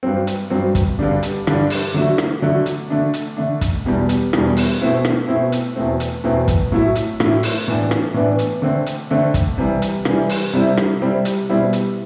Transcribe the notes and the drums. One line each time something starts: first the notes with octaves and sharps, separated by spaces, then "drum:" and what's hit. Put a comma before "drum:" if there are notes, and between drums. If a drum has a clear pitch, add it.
G2 F#3 C4
drum: hi-hat
G2 F#3 C4
drum: kick, hi-hat
G2 D3 G3 D4
drum: hi-hat
G2 D3 G3 D4, drum: rim click
drum: open hi-hat
D3 F#3 A3
drum: rim click
D3 F#3 A3
drum: hi-hat
D3 A3 D4
drum: hi-hat
D3 A3 D4
drum: kick, hi-hat
E2 B2 G3
drum: hi-hat
E2 B2 G3, drum: rim click
drum: open hi-hat
B2 A3 C4 E4
drum: rim click
B2 A3 C4 E4
drum: hi-hat
E2 B2 A3 C4
drum: hi-hat
E2 B2 A3 C4
drum: kick, hi-hat
A2 F#3 A3 E4
drum: hi-hat
A2 F#3 A3 E4, drum: rim click
drum: open hi-hat
A2 E3 B3 D4
drum: rim click
A2 E3 B3 D4
drum: hi-hat
D3 A3 C4
drum: hi-hat
D3 A3 C4
drum: kick, hi-hat
C3 E3 G3
drum: hi-hat
C3 E3 G3, drum: rim click
drum: open hi-hat
C3 G3 C4 E4
drum: rim click
C3 G3 C4 E4
drum: hi-hat
B2 G3 C4 E4
drum: hi-hat